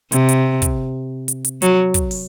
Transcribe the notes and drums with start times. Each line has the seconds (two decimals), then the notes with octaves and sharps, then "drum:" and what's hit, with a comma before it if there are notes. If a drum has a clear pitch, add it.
0.12 C3, drum: hi-hat
0.29 drum: hi-hat
0.62 drum: kick, hi-hat
1.28 drum: hi-hat
1.45 drum: hi-hat
1.62 F#3, drum: hi-hat
1.94 drum: kick, hi-hat
2.11 drum: open hi-hat